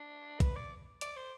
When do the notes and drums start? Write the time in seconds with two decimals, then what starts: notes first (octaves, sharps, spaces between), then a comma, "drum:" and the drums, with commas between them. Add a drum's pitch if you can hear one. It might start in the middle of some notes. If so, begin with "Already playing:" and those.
Already playing: D4
0.40 B4, drum: kick, hi-hat
0.55 D5
1.01 D5, drum: hi-hat
1.16 C5